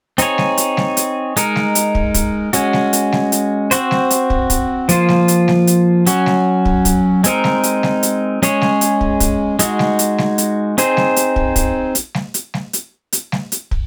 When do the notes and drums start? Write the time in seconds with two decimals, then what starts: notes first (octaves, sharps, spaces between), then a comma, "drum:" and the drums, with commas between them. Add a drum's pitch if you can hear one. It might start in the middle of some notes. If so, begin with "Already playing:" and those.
0.18 C4 D#4 G#4 C#5, drum: hi-hat
0.38 drum: snare G3
0.58 drum: hi-hat
0.77 drum: snare G3
0.97 drum: hi-hat
1.37 G#3 D#4 A#4, drum: hi-hat
1.56 drum: snare G3
1.75 drum: hi-hat
1.95 drum: kick
2.14 drum: kick, hi-hat
2.53 G#3 C#4 F#4, drum: hi-hat
2.73 drum: snare G3
2.93 drum: hi-hat
3.12 drum: snare G3
3.32 drum: hi-hat
3.71 C4 F#4 C5, drum: hi-hat
3.91 drum: snare G3
4.10 drum: hi-hat
4.30 drum: kick
4.50 drum: kick, hi-hat
4.89 F3 A#3 F4 C5, drum: hi-hat
5.09 drum: snare G3
5.28 drum: hi-hat
5.48 drum: snare G3
5.67 drum: hi-hat
6.06 F#3 C#4 F#4, drum: hi-hat
6.26 drum: snare G3
6.65 drum: kick
6.85 drum: kick, hi-hat
7.24 G#3 C4 D#4 A#4, drum: hi-hat
7.44 drum: snare G3
7.63 drum: hi-hat
7.83 drum: snare G3
8.03 drum: hi-hat
8.43 G#3 C#4 G#4 C#5, drum: hi-hat
8.62 drum: snare G3
8.81 drum: hi-hat
9.01 drum: kick
9.20 drum: kick, hi-hat
9.59 G#3 D#4 F#4, drum: hi-hat
9.79 drum: snare G3
9.99 drum: hi-hat
10.18 drum: snare G3
10.38 drum: hi-hat
10.78 C4 D#4 G#4 C5, drum: hi-hat
10.97 drum: snare G3
11.16 drum: hi-hat
11.36 drum: kick
11.56 drum: kick, hi-hat
11.95 drum: hi-hat
12.14 drum: snare G3
12.34 drum: hi-hat
12.54 drum: snare G3
12.73 drum: hi-hat
13.13 drum: hi-hat
13.32 drum: snare G3
13.52 drum: hi-hat
13.71 drum: kick